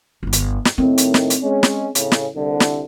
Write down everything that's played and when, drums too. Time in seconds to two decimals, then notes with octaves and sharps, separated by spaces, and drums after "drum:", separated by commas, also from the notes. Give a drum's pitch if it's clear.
0.23 D1 G1
0.33 drum: hi-hat
0.65 drum: snare
0.78 A2 D#3 C4
0.98 drum: hi-hat
1.14 drum: snare
1.30 drum: hi-hat
1.42 G#3 C#4
1.63 drum: snare
1.95 A2 C#3, drum: hi-hat
2.12 drum: snare
2.34 C2 D3
2.60 drum: snare